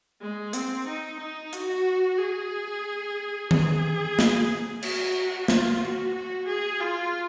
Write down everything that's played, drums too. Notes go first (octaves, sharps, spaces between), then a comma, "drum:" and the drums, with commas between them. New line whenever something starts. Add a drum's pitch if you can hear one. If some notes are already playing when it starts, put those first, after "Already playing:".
G#3
C4, drum: hi-hat
D#4
D#4
F#4, drum: hi-hat
G#4
G#4, drum: tom D#3
drum: snare
F#4, drum: cymbal
F4, drum: snare
F#4
F#4
G#4
F4